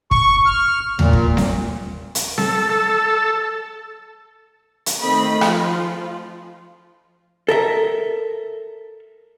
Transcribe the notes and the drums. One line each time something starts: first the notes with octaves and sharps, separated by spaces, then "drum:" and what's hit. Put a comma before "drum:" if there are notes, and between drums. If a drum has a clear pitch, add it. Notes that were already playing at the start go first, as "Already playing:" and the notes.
C#6, drum: kick
F6
A#2, drum: tom D#2
drum: kick
drum: snare C4
drum: hi-hat
A4, drum: snare C4
A4
drum: hi-hat
D#3 A3 C4 D#5 B5
F3 F4, drum: rim click
A4 A#4 E5